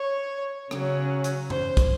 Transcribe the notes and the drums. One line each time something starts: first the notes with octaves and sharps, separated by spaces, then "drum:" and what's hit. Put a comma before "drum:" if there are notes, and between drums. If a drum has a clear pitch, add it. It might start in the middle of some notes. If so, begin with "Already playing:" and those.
Already playing: C#5
C#3 F#3 C#4, drum: rim click
drum: hi-hat
C5, drum: tom F#2
drum: kick, hi-hat